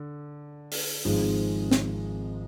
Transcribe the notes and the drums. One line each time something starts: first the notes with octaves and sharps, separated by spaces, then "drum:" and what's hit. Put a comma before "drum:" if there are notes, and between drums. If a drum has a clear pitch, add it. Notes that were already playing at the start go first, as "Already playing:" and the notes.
Already playing: D3
drum: open hi-hat
G#1 G#2 F3 G#3 C4
drum: snare